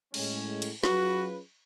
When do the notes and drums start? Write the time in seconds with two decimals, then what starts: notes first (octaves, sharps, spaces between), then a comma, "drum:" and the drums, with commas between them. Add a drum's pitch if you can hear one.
0.14 A2 G#3 C#4, drum: cymbal
0.62 drum: cymbal
0.84 F#3 C#4 F4 F#4 G#4 B4, drum: snare